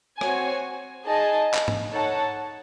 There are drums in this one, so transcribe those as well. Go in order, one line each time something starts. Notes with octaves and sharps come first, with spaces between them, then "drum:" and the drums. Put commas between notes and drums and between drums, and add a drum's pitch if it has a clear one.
C4 F#4 C#5 G#5, drum: rim click
D#4 G#4 D#5 A5
drum: clap
drum: tom G#2
D#4 A4 C#5 F#5 A5